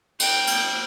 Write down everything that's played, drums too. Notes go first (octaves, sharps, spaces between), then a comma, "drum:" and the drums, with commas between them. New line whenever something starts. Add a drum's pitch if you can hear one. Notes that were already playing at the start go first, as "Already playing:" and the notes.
G5, drum: cymbal
drum: cymbal